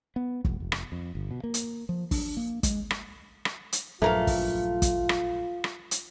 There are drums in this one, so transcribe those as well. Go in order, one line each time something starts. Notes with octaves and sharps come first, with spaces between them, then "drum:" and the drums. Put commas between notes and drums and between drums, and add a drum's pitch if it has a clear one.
B3
E1, drum: kick
F1
drum: rim click
F2
G1
B2
A#3
drum: hi-hat
F3
D4, drum: kick, open hi-hat
A#3
G#3, drum: kick, hi-hat
drum: rim click
drum: rim click
drum: hi-hat
A#1 G2 E3 F#3 A3 F4 A#4 F5
drum: kick, open hi-hat
drum: kick, hi-hat
drum: rim click
drum: rim click
drum: hi-hat